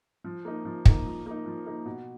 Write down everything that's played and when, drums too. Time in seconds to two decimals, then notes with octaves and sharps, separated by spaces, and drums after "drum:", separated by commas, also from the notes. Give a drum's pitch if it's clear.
0.24 F3
0.45 A#3 D#4
0.65 F3
0.85 A#3 D#4, drum: kick
1.06 F3
1.26 A#3 D#4
1.46 F3
1.66 A#3 D#4
1.86 B2